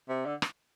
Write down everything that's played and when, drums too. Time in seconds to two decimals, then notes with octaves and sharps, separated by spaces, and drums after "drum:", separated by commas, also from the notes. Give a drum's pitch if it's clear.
0.09 C3
0.25 D3
0.42 drum: rim click